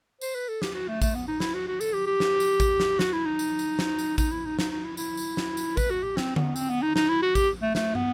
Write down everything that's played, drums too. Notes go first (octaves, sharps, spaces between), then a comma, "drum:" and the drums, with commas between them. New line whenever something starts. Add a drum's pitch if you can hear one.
C5, drum: tambourine
B4
A4
G4, drum: snare
F#4
A3
A3, drum: kick A1, tambourine
B3
D#4
E4, drum: snare
F#4
F#4
A4, drum: tambourine
G4
G4
drum: snare
drum: tambourine
drum: kick A1, tambourine
drum: snare
F#4, drum: snare
E4
D#4
drum: tambourine
drum: tambourine
drum: snare
drum: tambourine
D#4, drum: kick A1, tambourine
E4
D#4
D#4, drum: snare
D#4
E4
E4, drum: tambourine
drum: tambourine
drum: snare
drum: tambourine
B4, drum: kick A1, tambourine
F#4
G4
C4, drum: snare
B3, drum: tom D3
C4, drum: tambourine
B3
D#4
D#4, drum: snare
E4
F#4
G4, drum: kick A1, tambourine
A3
A3, drum: snare
B3, drum: tom